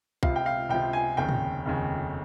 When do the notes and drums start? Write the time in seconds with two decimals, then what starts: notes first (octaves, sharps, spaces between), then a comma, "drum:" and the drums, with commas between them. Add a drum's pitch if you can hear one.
0.23 C#2 C3 F3 F5, drum: kick B1
0.36 G5
0.46 F5
0.69 C#2 C3 F3 G5
0.93 G#5
1.17 F1 D#2 C#3 G5
1.29 drum: tom A2
1.66 F1 D#2 C#3